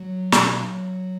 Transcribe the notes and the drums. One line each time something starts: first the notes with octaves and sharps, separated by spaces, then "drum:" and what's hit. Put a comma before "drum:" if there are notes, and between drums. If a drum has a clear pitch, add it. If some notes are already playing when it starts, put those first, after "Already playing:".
Already playing: F#3
B2, drum: snare